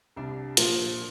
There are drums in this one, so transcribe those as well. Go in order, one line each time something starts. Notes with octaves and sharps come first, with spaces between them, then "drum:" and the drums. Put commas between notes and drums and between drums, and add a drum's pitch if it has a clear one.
C2 D4
A#2 F3, drum: hi-hat